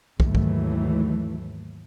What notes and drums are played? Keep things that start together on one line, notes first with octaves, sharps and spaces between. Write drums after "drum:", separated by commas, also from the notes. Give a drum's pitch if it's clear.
D#2 G#2 E3 F#3 A3, drum: kick
drum: kick